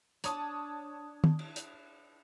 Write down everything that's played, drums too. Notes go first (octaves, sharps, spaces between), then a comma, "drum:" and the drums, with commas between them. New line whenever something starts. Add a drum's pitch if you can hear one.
D4 C#5 A5 D#6, drum: hi-hat
drum: tom D#3
drum: cymbal
drum: hi-hat